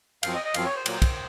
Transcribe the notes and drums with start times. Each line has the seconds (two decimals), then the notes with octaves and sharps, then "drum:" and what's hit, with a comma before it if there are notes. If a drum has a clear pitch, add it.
0.23 F#2 F3 C4 F5, drum: cymbal
0.34 D#5
0.45 D#5
0.54 F#2 F3 C4 F5, drum: cymbal
0.65 C#5
0.76 C5
0.86 A#2 F#3 A#3, drum: cymbal
1.02 drum: kick, cymbal